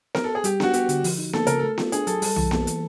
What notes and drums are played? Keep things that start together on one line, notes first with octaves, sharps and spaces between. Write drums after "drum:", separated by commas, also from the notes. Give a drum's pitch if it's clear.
A#4, drum: snare B3
A4
G#4
G3 G4, drum: hi-hat
D4 F#4, drum: snare B3
B3 G4, drum: hi-hat
D3, drum: hi-hat
F3, drum: open hi-hat
D#4
A#3 A4, drum: snare B3
C#3 A#4, drum: hi-hat
A3 A4
F4, drum: snare B3
D4 G#4, drum: hi-hat
F#3 A4, drum: hi-hat
G3 A4, drum: open hi-hat
E3, drum: tom B1
A#3, drum: snare B3
E3, drum: hi-hat